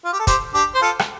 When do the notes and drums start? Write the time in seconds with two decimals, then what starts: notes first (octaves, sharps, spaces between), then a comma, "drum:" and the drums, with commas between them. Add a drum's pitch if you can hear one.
0.05 F4
0.12 G4
0.19 A4
0.27 G4 C5, drum: kick, hi-hat
0.54 D4 G4
0.75 C5
0.81 F4 A4
0.99 drum: rim click